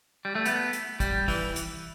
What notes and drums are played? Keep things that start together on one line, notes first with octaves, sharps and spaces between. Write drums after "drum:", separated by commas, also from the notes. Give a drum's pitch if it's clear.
G3
A3
B3, drum: hi-hat
drum: hi-hat
G3, drum: kick, hi-hat
E3, drum: kick, open hi-hat
drum: hi-hat